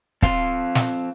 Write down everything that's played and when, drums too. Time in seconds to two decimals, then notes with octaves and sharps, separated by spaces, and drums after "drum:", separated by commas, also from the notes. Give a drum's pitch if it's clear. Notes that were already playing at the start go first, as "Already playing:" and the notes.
0.22 F2 C4 F5 C6, drum: kick
0.75 drum: snare